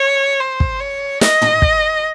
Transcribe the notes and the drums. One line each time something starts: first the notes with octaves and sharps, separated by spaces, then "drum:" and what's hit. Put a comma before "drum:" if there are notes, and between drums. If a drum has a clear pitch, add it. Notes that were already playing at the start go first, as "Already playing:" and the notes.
Already playing: C#5
C5
drum: kick
C#5
D#5, drum: snare
drum: tom
drum: kick